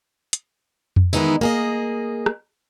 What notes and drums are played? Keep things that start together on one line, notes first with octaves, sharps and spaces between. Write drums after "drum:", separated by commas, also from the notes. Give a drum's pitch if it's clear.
drum: hi-hat
drum: tom F2
D#3 E3 G#3 B3 D#4 E4, drum: tambourine
A#3 G#4 D#5
drum: rim click